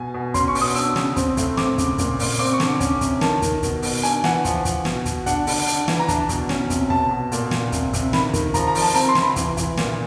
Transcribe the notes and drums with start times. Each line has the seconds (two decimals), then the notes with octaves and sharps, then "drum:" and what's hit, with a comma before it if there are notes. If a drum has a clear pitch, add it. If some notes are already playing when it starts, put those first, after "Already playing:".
Already playing: B2 G#5
0.14 B2
0.34 C#4 C6, drum: kick, hi-hat
0.48 C#6
0.55 B2, drum: open hi-hat
0.61 D#6
0.75 D4 E6, drum: hi-hat
0.96 C#3, drum: snare
1.16 C4, drum: kick, hi-hat
1.37 A2, drum: kick, hi-hat
1.57 C4 D6, drum: snare
1.78 C#3, drum: kick, hi-hat
1.98 A#2, drum: kick, hi-hat
2.19 A#2, drum: open hi-hat
2.39 C4 D6
2.53 C#6
2.60 D3, drum: snare
2.67 D6
2.80 C#4, drum: kick, hi-hat
3.01 C3, drum: kick, hi-hat
3.21 D#3 A5, drum: snare
3.42 D#3, drum: kick, hi-hat
3.63 B2, drum: kick, hi-hat
3.82 B2, drum: open hi-hat
4.03 D4 G#5, drum: hi-hat
4.24 E3 F#5, drum: snare
4.45 F3, drum: kick, hi-hat
4.65 F3, drum: kick, hi-hat
4.85 B2, drum: snare
5.05 B2, drum: kick, hi-hat
5.26 D4 F#5, drum: kick, hi-hat
5.47 D3, drum: open hi-hat
5.68 D4, drum: hi-hat
5.88 E3, drum: snare
5.99 A#5
6.08 D4 A5, drum: kick, hi-hat
6.29 B2, drum: kick, hi-hat
6.49 C#4, drum: snare
6.70 C3, drum: kick, hi-hat
6.90 B2 A5, drum: kick
7.11 B2
7.32 A#2, drum: hi-hat
7.51 A#2, drum: snare
7.72 C3, drum: kick, hi-hat
7.93 C3, drum: kick, hi-hat
8.13 D#3 B5, drum: snare
8.33 D#3, drum: kick, hi-hat
8.54 F3 A#5, drum: kick, hi-hat
8.67 A#5
8.75 F3, drum: open hi-hat
8.82 A5
8.95 C4 A#5, drum: hi-hat
9.09 C6
9.15 C3, drum: snare
9.22 B5
9.36 E3, drum: kick, hi-hat
9.57 E3, drum: kick, hi-hat
9.77 A#2, drum: snare